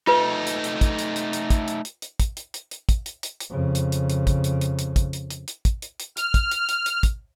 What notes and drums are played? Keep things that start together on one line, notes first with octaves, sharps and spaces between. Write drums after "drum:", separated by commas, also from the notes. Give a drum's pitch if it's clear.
A3 D#4 F4 B4
drum: hi-hat
drum: hi-hat
drum: kick, hi-hat
drum: hi-hat
drum: hi-hat
drum: hi-hat
drum: kick, hi-hat
drum: hi-hat
drum: hi-hat
drum: hi-hat
drum: kick, hi-hat
drum: hi-hat
drum: hi-hat
drum: hi-hat
drum: kick, hi-hat
drum: hi-hat
drum: hi-hat
drum: hi-hat
F2 C#3
drum: hi-hat
drum: hi-hat
drum: hi-hat
drum: kick, hi-hat
drum: hi-hat
drum: hi-hat
drum: hi-hat
drum: kick, hi-hat
drum: hi-hat
drum: hi-hat
drum: hi-hat
drum: kick, hi-hat
drum: hi-hat
drum: hi-hat
F6, drum: hi-hat
drum: kick, hi-hat
drum: hi-hat
drum: hi-hat
drum: hi-hat
drum: kick, hi-hat